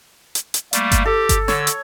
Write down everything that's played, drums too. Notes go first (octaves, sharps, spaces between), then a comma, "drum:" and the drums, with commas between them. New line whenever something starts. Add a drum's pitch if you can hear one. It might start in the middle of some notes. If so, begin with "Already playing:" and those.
drum: hi-hat
drum: hi-hat
G3 A3 A#3, drum: hi-hat
drum: kick G1, hi-hat
G4 A4
drum: kick G1, hi-hat
D3 C#5 E6, drum: snare
drum: hi-hat